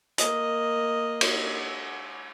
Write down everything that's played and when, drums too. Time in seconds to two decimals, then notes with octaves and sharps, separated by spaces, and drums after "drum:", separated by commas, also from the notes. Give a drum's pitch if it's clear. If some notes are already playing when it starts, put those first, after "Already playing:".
0.18 A#3 D#5, drum: hi-hat
1.21 drum: cymbal